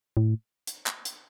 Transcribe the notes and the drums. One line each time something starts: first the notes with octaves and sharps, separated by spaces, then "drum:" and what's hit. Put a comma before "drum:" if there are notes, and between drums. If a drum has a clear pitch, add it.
A2
drum: hi-hat
drum: clap
drum: hi-hat